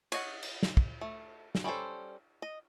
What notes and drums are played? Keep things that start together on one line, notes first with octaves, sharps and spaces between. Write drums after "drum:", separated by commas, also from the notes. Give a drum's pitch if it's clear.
C#5 D#5 F#5, drum: cymbal
drum: cymbal
drum: snare
drum: kick
A3
drum: snare
G3 C#4 E4 A4 C5
D#5